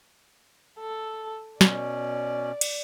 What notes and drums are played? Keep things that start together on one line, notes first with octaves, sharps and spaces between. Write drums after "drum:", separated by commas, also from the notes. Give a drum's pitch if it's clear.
A4
B2 C#4 D5, drum: snare
drum: cymbal